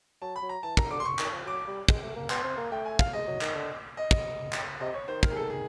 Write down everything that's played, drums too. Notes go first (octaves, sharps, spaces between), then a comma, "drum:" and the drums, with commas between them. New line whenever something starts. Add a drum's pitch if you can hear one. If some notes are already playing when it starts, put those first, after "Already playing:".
F#3 A5
B5
F#3
A#5
E3 A5
D#3 A#5, drum: kick
D3 D6
C6
C#6
D#3, drum: clap
F3
F#3 D6
G3
G#3, drum: kick
A3
A#3
B3 C6, drum: clap
C4
A#3
A3 G5
G#5
F5, drum: kick
G#3 D#5
F#3
D#3, drum: clap
D3
D#5
drum: kick
drum: clap
C3 D#5
C#5
D#3 C5
A#4, drum: kick
G#4
A4
G#4